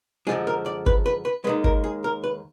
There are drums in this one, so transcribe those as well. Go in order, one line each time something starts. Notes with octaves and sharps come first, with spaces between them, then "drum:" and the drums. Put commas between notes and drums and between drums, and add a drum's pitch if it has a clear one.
F#2 D3 F3 G#3 G#4
A#4
D5
B4, drum: kick G#1
B4
B4
D#2 D#3 G#3 B4
A#4, drum: kick G#1
G#4
A#4
B4